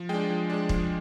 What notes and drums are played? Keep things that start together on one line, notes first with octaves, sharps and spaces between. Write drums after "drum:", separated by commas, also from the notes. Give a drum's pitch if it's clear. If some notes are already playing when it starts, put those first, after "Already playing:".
Already playing: F3
G#3 D4 G5
F3
G#3 D4
F3, drum: kick